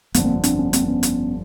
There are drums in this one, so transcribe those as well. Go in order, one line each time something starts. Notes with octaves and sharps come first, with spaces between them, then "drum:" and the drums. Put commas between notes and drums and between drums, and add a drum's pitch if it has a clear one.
G1 F2 D3 A3 B3, drum: hi-hat
A#3 C4
C4 D4, drum: hi-hat
B3 C#4
A#3 C4, drum: hi-hat
B3 C#4
drum: hi-hat